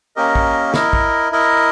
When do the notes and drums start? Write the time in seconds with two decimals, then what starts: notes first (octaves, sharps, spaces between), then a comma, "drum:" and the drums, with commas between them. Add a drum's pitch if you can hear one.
0.16 A#3 C#4 G4 A#4 D#5
0.35 drum: kick
0.74 E4 A#4 D#5, drum: snare
0.93 drum: kick
1.32 E4 A#4 D#5